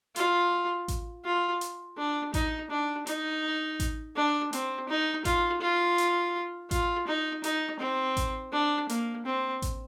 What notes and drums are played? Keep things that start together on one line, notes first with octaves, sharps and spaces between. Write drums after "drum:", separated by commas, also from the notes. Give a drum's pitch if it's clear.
F4, drum: hi-hat
drum: kick A1, hi-hat
F4
drum: hi-hat
D4
D#4, drum: kick A1, hi-hat
D4
D#4, drum: hi-hat
drum: kick A1, hi-hat
D4
C4, drum: hi-hat
D#4
F4, drum: kick A1, hi-hat
F4
drum: hi-hat
F4, drum: kick A1, hi-hat
D#4
D#4, drum: hi-hat
C4
drum: kick A1, hi-hat
D4
A#3, drum: hi-hat
C4
drum: kick A1, hi-hat